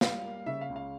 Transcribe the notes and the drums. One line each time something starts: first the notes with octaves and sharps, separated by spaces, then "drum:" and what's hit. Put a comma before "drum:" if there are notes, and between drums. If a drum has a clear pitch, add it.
G3 F5, drum: snare
A#3
C#3 E5
F5
C#2
F5